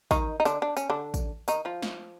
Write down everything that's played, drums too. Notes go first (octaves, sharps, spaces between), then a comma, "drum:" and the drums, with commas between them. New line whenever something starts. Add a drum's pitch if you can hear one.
D#3 D#4, drum: kick, tambourine
D#4
D3 D4, drum: tambourine
D4
C#4, drum: tambourine
D3 D4
drum: kick, tambourine
D#3 D#4, drum: tambourine
F3 F4
drum: snare